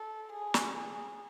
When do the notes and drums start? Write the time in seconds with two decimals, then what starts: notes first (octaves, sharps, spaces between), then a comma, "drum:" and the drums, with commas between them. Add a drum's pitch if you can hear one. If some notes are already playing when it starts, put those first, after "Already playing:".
Already playing: A4
0.32 G#4
0.54 drum: snare
0.76 G#4